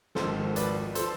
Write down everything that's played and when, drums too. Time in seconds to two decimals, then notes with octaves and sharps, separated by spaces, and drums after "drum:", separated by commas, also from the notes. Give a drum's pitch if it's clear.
0.15 G#1 G#2 F3 A4 C5, drum: snare
0.56 B4 D5, drum: hi-hat
0.95 F3 A4 C5, drum: hi-hat